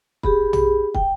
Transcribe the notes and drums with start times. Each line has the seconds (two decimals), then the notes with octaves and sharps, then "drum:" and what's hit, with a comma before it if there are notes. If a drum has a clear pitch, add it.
0.23 G4 G#4 B5, drum: kick
0.53 drum: tom
0.94 G5, drum: kick